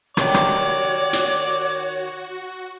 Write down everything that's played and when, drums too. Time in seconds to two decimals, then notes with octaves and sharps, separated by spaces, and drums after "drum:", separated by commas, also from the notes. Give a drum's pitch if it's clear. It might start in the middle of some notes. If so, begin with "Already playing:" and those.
0.17 D#3 F#4 G4 C#5 D5, drum: rim click
0.34 drum: rim click
1.13 drum: hi-hat